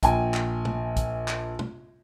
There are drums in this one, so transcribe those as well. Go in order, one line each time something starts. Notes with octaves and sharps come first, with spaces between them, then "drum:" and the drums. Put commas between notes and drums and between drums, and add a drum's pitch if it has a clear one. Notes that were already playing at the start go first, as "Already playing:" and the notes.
A#1 G5 G#5, drum: kick B1, hi-hat
drum: clap
drum: tom
drum: kick B1, hi-hat
drum: clap
drum: tom